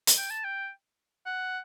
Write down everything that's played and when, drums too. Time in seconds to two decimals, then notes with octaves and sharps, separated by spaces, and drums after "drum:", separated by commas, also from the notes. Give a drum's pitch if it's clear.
0.07 drum: hi-hat
0.18 G5
0.30 A5
0.44 G5
1.26 F#5